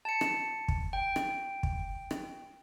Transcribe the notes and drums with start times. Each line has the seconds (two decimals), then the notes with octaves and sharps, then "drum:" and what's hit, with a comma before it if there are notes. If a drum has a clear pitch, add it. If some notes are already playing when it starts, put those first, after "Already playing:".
0.05 A5 C#7
0.21 drum: rim click
0.68 drum: kick
0.93 G5
1.16 drum: rim click
1.63 drum: kick
2.11 drum: rim click